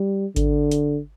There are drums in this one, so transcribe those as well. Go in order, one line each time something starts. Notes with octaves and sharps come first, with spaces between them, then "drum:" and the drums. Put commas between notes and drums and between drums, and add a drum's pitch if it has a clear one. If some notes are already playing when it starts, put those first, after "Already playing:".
Already playing: G3
D3, drum: kick G#1, hi-hat
drum: hi-hat